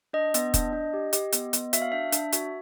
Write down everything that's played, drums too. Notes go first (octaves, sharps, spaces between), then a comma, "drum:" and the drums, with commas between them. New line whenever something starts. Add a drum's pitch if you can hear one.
D4 D#5
B3, drum: hi-hat
D4, drum: kick, hi-hat
D4
G4
G4, drum: hi-hat
B3, drum: hi-hat
B3, drum: hi-hat
F#4 E5, drum: hi-hat
F5
D4 E5
D4, drum: hi-hat
F#4, drum: hi-hat